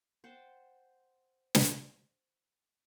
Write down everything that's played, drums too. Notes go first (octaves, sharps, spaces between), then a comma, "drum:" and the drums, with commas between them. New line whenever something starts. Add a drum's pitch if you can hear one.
C5 F#5 G5 A5
drum: snare